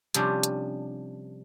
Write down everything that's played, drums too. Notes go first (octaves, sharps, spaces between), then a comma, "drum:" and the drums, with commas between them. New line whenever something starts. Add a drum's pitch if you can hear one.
C3 F3 G3 C#4 D4, drum: hi-hat
drum: hi-hat